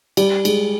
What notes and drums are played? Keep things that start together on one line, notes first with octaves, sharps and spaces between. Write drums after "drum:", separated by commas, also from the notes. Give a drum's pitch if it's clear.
G3, drum: cymbal
G#3, drum: cymbal